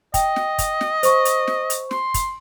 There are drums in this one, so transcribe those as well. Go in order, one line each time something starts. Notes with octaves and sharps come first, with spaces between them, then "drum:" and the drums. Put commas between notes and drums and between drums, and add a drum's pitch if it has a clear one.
D#5 G5, drum: kick, hi-hat
drum: snare
drum: kick, hi-hat
drum: snare
C5 C#6, drum: hi-hat
drum: hi-hat
drum: snare
drum: hi-hat
C6, drum: snare
drum: kick, hi-hat